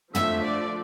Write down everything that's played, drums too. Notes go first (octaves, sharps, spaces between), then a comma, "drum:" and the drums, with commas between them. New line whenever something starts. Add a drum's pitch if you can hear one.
D3 F3 A3 E5, drum: tom
D5